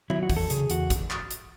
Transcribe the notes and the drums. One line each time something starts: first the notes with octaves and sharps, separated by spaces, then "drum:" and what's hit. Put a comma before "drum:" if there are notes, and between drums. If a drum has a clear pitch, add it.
F#3 E4, drum: tom D#3
F#4
E2, drum: kick, open hi-hat
A4
C#3 G#4, drum: hi-hat
E2 F#4, drum: hi-hat
drum: kick, hi-hat
drum: clap
drum: hi-hat